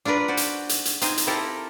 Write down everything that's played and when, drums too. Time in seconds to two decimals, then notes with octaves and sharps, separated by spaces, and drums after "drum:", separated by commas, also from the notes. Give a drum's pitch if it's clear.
0.05 D4 F4 A#4 B4 D5
0.28 F#4 C5 D5
0.37 drum: hi-hat
0.69 drum: hi-hat
0.85 drum: hi-hat
1.01 C4 D#4 F4 C5 G#5, drum: hi-hat
1.18 drum: hi-hat
1.27 C4 E4 F4 G4 A4 A#4